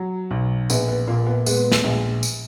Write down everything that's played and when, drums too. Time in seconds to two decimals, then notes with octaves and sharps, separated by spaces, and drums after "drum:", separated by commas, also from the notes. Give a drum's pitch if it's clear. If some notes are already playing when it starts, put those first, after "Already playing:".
Already playing: F#3
0.31 B1
0.70 A#1 B3, drum: tambourine
0.88 B3
1.07 A#2 A#3
1.27 B3
1.46 G#3 B3, drum: tambourine
1.72 drum: snare
1.84 A#1
2.23 drum: tambourine